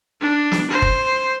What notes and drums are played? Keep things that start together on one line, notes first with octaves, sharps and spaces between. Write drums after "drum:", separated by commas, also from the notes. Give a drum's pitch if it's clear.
D4
drum: snare
C5
drum: kick